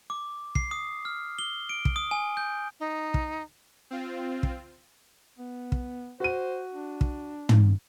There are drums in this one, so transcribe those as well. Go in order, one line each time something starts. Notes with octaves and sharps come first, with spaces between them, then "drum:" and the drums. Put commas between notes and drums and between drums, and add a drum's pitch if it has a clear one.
D6
C7, drum: kick
D#6
F6
G7
D7
drum: kick
D#6
G#5
G6
D#4
drum: kick
C4 F4
drum: kick
B3
drum: kick
F#4 C5 D#7
D4
drum: kick
drum: tom